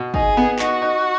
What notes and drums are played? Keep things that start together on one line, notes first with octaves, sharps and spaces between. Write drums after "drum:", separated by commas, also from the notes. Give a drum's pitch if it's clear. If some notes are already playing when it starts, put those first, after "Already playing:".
Already playing: B2
D#4 G#4, drum: kick
B3
D#4 F#4, drum: clap
D#4